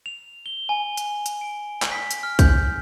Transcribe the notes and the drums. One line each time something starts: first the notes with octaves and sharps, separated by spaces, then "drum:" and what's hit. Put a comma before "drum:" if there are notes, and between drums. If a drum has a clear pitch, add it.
F7
G7
G#5
drum: hi-hat
drum: hi-hat
D7
drum: clap
B6
drum: hi-hat
F6
G6, drum: kick, hi-hat